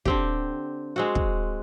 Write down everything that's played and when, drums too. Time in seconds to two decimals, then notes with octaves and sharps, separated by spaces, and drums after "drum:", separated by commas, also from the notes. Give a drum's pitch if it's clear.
0.05 D3 C4 G4, drum: kick
0.96 G#3 C4 F#4
1.15 drum: kick